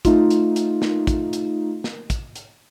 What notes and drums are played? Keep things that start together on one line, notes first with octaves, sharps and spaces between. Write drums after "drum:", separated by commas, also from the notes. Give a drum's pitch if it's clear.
A3 D#4 F4, drum: kick, hi-hat
drum: hi-hat
drum: hi-hat
drum: snare
drum: kick, hi-hat
drum: hi-hat
drum: snare
drum: kick, hi-hat
drum: hi-hat